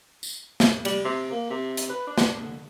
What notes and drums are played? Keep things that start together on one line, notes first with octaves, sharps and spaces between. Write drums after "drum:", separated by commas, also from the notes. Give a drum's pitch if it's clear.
drum: tambourine
drum: snare
G3, drum: cymbal
C3
A#3
C3
drum: hi-hat
B4
D4
drum: snare
D3